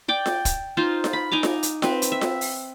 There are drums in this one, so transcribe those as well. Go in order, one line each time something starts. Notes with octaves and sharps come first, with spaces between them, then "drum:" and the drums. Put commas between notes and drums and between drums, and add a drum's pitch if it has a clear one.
D5 G5 D6
drum: snare F4
drum: kick, hi-hat
D#4 F4 C5
drum: snare F4
B5
D#4 G#5 A#5 D6
drum: snare F4
drum: hi-hat
C4 B4, drum: snare F4
drum: hi-hat
E5
drum: snare F4
drum: open hi-hat